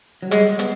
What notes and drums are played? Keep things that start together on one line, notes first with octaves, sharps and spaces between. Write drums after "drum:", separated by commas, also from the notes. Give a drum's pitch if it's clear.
F#3
G3 G#3, drum: hi-hat
G#3
B3, drum: hi-hat